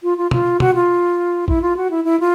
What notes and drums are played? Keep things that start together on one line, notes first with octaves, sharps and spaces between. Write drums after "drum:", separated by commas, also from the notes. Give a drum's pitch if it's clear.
F4
F4
F4, drum: tom
F#4, drum: tom
F4
E4, drum: kick A1
F4
F#4
E4
E4
F4